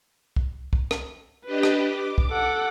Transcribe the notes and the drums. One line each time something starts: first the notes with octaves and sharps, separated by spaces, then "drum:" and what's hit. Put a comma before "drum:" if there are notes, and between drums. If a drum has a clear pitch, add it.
drum: kick
drum: kick
drum: rim click
D4 G4 B4 D#5
drum: rim click
D6
drum: kick
A4 F#5